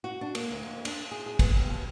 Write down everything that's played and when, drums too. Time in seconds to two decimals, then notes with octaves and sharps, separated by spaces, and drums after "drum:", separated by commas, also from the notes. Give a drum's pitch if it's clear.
0.04 F#4
0.21 D4
0.35 A#3, drum: cymbal
0.51 D2
0.65 F2
0.85 D4, drum: cymbal
1.11 G#4
1.26 G#4
1.39 B3, drum: kick, cymbal
1.57 G3
1.70 B2